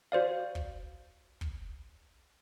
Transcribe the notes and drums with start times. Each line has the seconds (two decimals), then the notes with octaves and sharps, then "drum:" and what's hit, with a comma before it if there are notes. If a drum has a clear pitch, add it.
0.12 F#4 C5 D5 F5
0.55 drum: kick
1.41 drum: kick